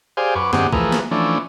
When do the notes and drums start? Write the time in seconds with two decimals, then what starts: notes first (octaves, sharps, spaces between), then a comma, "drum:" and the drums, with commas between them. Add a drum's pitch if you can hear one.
0.17 G4 G#4 C5 D5 F5 G#5
0.35 F#2 B4 C#6 D6
0.53 G2 D#3 C4 G4 G#4 F#5, drum: snare
0.73 E3 F3 A3 G#4 A#4 B4, drum: kick
0.92 drum: snare
1.11 E3 F3 A3 C#4 D4